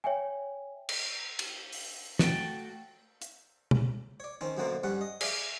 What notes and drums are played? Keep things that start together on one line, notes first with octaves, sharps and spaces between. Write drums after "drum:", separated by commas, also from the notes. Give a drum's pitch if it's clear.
C#5 E5 G5 G#5
drum: cymbal
drum: cymbal
drum: open hi-hat
A3 F#4 G5 A5, drum: snare
drum: hi-hat
drum: tom B2
C#5 D5
D#3 C4 C#4
F#2 B2 D3 A#3 C4
G2 G3 C#4 F#5
D#5
G#4 C#5 D5 E5 F5, drum: cymbal